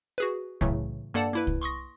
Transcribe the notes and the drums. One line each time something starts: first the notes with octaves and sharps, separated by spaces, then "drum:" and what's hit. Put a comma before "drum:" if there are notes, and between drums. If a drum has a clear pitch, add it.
F#4 G#4 B4
A2 C#3 E3 F#3 A3, drum: kick C2
G2 A#3 A4 D5 F#5 A5
A#3 E4 B4
drum: kick C2
C6 C#6 D#6 A#6